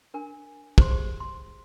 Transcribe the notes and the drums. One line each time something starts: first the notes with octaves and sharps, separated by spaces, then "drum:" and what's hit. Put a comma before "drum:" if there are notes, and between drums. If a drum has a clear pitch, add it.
D4 A#4 G#5
G#4 C5 C6, drum: kick
G4 G#4 C5
C6